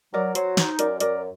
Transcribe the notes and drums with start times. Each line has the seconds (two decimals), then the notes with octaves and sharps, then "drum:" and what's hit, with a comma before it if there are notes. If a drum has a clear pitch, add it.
0.14 F#3 A#4 D5
0.35 F#3 C5, drum: hi-hat
0.57 D#4, drum: snare
0.79 F#2 A#4 D5, drum: hi-hat
1.00 F#2 A#4 D5, drum: hi-hat